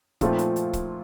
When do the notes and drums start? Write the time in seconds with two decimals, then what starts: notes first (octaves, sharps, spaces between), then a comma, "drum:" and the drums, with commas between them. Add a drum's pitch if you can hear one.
0.21 A#2 F3 A3 C4 F4, drum: kick, hi-hat
0.38 drum: hi-hat
0.56 drum: hi-hat
0.73 drum: kick, hi-hat